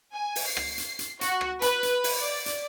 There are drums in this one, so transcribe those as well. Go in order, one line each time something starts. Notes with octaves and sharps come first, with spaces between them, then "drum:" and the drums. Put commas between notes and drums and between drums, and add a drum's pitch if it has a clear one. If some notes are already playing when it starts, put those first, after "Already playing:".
G#5
drum: open hi-hat
C7
drum: rim click
drum: hi-hat
drum: hi-hat
F#4, drum: hi-hat
drum: rim click
B4, drum: hi-hat
drum: hi-hat
drum: open hi-hat
D5
drum: hi-hat